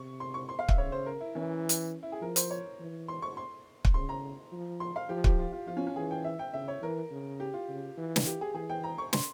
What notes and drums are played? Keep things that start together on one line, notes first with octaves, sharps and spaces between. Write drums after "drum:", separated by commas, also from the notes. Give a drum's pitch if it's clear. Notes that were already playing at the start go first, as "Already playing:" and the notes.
Already playing: C3 C#6
C6
C#6
C6
F5
E5, drum: kick
C#3 C#5
C5
A#4
E4
E3 C#4
drum: hi-hat
E4
G#4
F3 A#4
C5, drum: hi-hat
C#5
E3
C6
C#6
C6
drum: kick
C#3 C6
A#5
F3
C6
F5
F3 G4
G4, drum: kick
F4
F4
F3 F4
C#4
C#4
E3 G#4
G5
E5
G5
C#3 E5
C#5
E3 A#4
C#3
G4
F4
C#3
E3
drum: snare
G4
G#4
E3 G#4
G5
A#5
C#6
C6, drum: snare